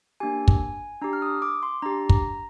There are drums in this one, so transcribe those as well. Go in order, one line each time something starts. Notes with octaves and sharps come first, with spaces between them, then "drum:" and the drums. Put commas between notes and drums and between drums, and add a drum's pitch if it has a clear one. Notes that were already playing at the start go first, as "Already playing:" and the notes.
A#3 D4 G4 G#5
drum: kick
D4 G4 A#5
F6
D#6
D6
C6
D4 G4 A#5
A#5, drum: kick